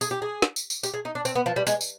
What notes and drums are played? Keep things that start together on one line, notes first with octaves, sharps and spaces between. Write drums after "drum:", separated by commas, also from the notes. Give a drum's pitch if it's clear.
G#4, drum: tambourine
G4
G#4
drum: snare
drum: tambourine
drum: tambourine
G4, drum: tambourine
G#4
D#4
D4
C4, drum: tambourine
B3
F3
G3
G#3, drum: tambourine
drum: tambourine